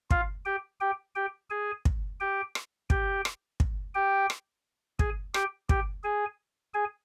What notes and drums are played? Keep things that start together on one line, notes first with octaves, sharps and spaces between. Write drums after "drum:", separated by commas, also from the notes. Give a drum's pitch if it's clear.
F4 F5, drum: kick
G4 G5
G4 G5
G4 G5
G#4 G#5
drum: kick
G4 G5
drum: rim click
G4 G5, drum: kick
drum: rim click
drum: kick
G4 G5
drum: rim click
G#4 G#5, drum: kick
G4 G5, drum: rim click
G4 G5, drum: kick
G#4 G#5
G#4 G#5